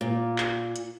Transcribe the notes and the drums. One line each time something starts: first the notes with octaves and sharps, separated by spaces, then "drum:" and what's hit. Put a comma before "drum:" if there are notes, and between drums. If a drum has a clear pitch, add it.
A#2
drum: clap
drum: hi-hat